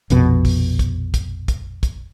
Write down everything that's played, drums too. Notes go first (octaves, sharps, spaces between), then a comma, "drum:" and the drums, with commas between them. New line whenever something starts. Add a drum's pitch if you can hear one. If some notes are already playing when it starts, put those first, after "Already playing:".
A#1 F2 B2, drum: hi-hat
drum: kick, open hi-hat
drum: kick, hi-hat
drum: kick, hi-hat
drum: kick, hi-hat
drum: kick, hi-hat